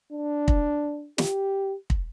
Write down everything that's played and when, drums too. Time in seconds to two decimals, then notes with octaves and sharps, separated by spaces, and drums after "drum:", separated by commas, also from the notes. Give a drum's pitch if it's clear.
0.12 D4
0.48 drum: kick
1.18 G4, drum: snare
1.90 drum: kick